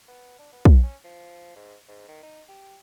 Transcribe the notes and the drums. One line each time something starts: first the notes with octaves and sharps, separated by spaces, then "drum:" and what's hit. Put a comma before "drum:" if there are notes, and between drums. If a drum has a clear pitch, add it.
B3
D4
B3
F3, drum: kick
C#4
F3
G#2
G#2
D#3
D#4
G4